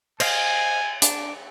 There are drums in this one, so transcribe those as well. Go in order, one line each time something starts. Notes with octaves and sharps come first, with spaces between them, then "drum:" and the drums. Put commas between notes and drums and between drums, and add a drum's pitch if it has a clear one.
C5 D#5 F5 G#5, drum: cymbal
D4, drum: hi-hat